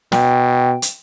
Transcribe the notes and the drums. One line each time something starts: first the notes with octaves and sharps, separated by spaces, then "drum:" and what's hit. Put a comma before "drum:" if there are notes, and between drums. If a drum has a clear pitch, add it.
B2 G5, drum: snare
drum: hi-hat